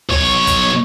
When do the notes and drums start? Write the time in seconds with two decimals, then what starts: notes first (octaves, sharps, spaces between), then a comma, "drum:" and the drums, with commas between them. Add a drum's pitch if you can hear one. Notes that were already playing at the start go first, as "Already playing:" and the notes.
0.09 B1 C#5, drum: tom B1
0.47 drum: kick, hi-hat